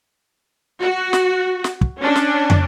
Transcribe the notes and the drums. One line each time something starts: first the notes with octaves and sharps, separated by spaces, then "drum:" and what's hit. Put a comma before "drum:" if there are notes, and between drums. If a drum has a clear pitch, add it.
F#4
drum: snare
drum: snare
drum: kick
C#4 D4
drum: snare
drum: tom